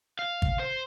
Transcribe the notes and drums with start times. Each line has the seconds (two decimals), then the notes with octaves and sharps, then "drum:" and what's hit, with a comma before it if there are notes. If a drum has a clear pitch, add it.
0.19 F5
0.42 drum: kick
0.60 C5